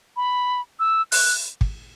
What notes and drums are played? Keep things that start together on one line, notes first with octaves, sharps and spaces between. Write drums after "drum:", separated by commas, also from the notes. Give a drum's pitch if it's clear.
B5
E6
F#6, drum: open hi-hat
drum: kick